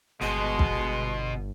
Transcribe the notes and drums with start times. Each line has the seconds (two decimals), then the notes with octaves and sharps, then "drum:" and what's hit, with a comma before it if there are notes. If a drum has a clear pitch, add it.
0.22 G1 B2 G#3 B3 C6
0.59 drum: kick